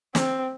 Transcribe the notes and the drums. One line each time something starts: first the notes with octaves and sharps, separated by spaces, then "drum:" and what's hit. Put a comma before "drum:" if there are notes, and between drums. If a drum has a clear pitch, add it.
C4, drum: snare